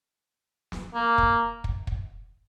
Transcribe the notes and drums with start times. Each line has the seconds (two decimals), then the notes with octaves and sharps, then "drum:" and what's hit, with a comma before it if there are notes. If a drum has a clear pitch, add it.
0.72 drum: snare
0.95 A#3
1.18 drum: kick
1.64 drum: kick
1.87 drum: kick